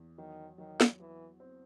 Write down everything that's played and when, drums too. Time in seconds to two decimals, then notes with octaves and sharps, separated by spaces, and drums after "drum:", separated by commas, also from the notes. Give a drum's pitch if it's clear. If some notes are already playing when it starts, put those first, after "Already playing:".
Already playing: E2
0.18 D#3 F#3
0.58 D#3 F#3
0.81 drum: snare
0.99 E3 F#3
1.40 C4